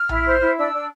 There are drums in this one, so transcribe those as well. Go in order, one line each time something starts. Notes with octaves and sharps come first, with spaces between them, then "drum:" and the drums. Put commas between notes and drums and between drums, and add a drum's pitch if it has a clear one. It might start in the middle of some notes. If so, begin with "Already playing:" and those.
Already playing: F6
E4, drum: tom A#1
C5
E4
D4 E6
D4